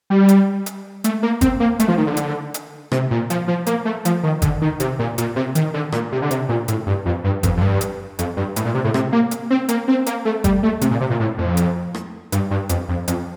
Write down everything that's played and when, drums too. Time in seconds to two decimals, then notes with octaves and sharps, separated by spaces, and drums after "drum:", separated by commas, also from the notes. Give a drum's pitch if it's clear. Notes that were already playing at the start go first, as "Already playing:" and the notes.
0.10 G3
0.29 drum: hi-hat
0.66 drum: hi-hat
1.04 A3, drum: hi-hat
1.23 A#3
1.41 C4, drum: kick G1, hi-hat
1.60 A#3
1.80 A3, drum: hi-hat
1.88 F3
1.98 D#3
2.07 D3
2.17 drum: hi-hat
2.54 drum: hi-hat
2.92 C3, drum: rim click
3.11 A#2
3.30 F3, drum: hi-hat
3.48 F3
3.66 A#3, drum: hi-hat
3.85 A3
4.05 F3, drum: hi-hat
4.23 D#3
4.42 D3, drum: kick G1, hi-hat
4.62 D#3
4.80 C3, drum: hi-hat
4.99 A#2
5.18 A#2, drum: hi-hat
5.36 C3
5.55 D#3, drum: hi-hat
5.74 D3
5.92 A#2, drum: rim click
6.12 C3
6.22 D3
6.31 C3, drum: hi-hat
6.49 A#2
6.68 A2, drum: hi-hat
6.86 G2
7.06 F2
7.24 G2
7.43 F2, drum: kick G1, hi-hat
7.57 F2
7.61 G2
7.81 drum: hi-hat
8.19 F2, drum: hi-hat
8.37 G2
8.56 A2, drum: hi-hat
8.65 A#2
8.74 C3
8.85 A2
8.94 C3, drum: rim click
9.12 A#3
9.31 drum: hi-hat
9.50 C4
9.69 A#3, drum: hi-hat
9.88 C4
10.06 A#3, drum: hi-hat
10.25 A3
10.44 G3, drum: kick G1, hi-hat
10.63 A3
10.81 C3, drum: hi-hat
10.91 A#2
11.01 C3
11.10 A#2
11.20 A2
11.38 F2
11.57 drum: hi-hat
11.95 drum: rim click
12.32 G2, drum: hi-hat
12.51 G2
12.69 F2, drum: hi-hat
12.89 F2
13.08 F2, drum: hi-hat